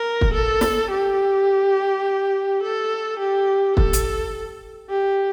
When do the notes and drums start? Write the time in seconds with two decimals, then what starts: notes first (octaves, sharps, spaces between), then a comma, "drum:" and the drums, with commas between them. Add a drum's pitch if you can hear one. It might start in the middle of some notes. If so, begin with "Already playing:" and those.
Already playing: A#4
0.21 drum: kick
0.34 A4
0.61 drum: snare
0.91 G4
2.63 A4
3.19 G4
3.77 A4, drum: kick
3.93 drum: hi-hat
4.90 G4